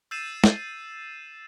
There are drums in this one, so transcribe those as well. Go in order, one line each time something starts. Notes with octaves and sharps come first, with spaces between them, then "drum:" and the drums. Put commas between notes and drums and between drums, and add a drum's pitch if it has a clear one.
E6 G6 A6 C7 D#7 E7
drum: snare